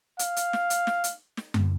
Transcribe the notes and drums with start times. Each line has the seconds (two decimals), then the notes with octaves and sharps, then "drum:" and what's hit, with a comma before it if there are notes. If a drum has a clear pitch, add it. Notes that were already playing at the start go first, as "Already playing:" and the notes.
0.19 F5, drum: hi-hat
0.37 drum: hi-hat
0.53 drum: snare
0.70 drum: hi-hat
0.87 drum: snare
1.04 drum: hi-hat
1.37 drum: snare
1.54 drum: tom F#2